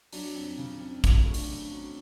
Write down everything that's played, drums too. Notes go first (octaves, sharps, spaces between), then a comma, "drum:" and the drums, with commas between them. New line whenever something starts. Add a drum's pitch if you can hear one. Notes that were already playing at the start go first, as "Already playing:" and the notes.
F#3 D4, drum: open hi-hat
F2
C#3
F2
F#3, drum: kick A1, hi-hat
A3
D4, drum: open hi-hat
C#3
F#3